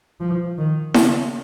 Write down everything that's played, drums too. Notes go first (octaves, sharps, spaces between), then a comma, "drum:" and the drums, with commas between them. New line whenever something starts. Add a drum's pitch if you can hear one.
F3
D#3
C#3, drum: snare E4